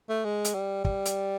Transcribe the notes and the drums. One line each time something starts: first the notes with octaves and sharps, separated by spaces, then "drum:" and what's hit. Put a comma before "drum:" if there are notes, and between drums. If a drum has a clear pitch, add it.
A3
G#3
drum: hi-hat
G3
G3, drum: kick
drum: hi-hat